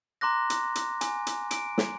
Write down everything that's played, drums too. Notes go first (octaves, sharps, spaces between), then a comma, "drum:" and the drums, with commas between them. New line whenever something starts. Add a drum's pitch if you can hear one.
A#5 C6 D6 F#6 A#6
drum: hi-hat
drum: hi-hat
G#5, drum: hi-hat
drum: hi-hat
D7, drum: hi-hat
drum: snare